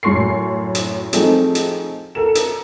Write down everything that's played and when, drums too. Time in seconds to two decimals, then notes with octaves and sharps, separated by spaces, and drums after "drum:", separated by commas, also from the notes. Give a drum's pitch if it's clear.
0.03 F#2 A2 C6 C#6 C7
0.75 drum: hi-hat
1.13 F3 A3 C4 D#4 G#4, drum: hi-hat
1.55 drum: hi-hat
2.15 A4 A#4 E7
2.35 drum: hi-hat